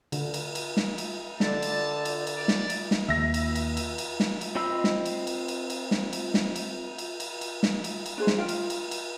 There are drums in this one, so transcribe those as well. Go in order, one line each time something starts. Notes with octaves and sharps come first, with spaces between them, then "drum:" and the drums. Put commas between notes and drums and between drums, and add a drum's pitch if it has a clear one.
D3, drum: cymbal
drum: cymbal
drum: cymbal
drum: snare
drum: cymbal
D3 D5 A5, drum: snare
drum: cymbal
drum: cymbal
drum: cymbal
D5
drum: snare
drum: cymbal
drum: snare
D#2 E5 A#6
drum: cymbal
drum: cymbal
drum: cymbal
drum: cymbal
drum: snare
drum: cymbal
C4 F4 D#5 B5 E6
drum: snare
drum: cymbal
drum: cymbal
drum: cymbal
drum: cymbal
drum: snare
drum: cymbal
drum: snare
drum: cymbal
drum: cymbal
drum: cymbal
drum: cymbal
drum: snare
drum: cymbal
drum: cymbal
D4 G#4 C5
drum: snare
F4 F5 G5
drum: cymbal
drum: cymbal
drum: cymbal